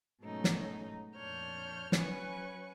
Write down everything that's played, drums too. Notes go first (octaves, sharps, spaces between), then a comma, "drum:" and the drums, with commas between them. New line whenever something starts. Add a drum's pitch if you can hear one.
G#2 B2 F#3 A3 C#4 D#4
drum: snare
F2 A#2 D4 C#5 F6 G6
F#3 C#4 B4 G#5 C#6 F#6, drum: snare